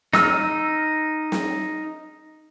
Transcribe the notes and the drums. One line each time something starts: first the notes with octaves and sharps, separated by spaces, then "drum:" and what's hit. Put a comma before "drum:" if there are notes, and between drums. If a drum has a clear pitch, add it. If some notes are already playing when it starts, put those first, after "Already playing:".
D#4 E6 F6, drum: snare
drum: snare